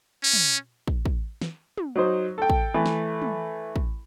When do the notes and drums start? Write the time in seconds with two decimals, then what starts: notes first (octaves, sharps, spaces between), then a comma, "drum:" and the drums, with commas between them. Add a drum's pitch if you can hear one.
0.23 C#4
0.33 drum: tom
0.87 drum: kick
1.05 drum: kick
1.42 drum: snare
1.78 drum: tom
1.96 F#3 D#4 C5
2.38 A4 G5
2.50 drum: kick
2.74 E3 A3
2.86 drum: snare
3.22 drum: tom
3.76 drum: kick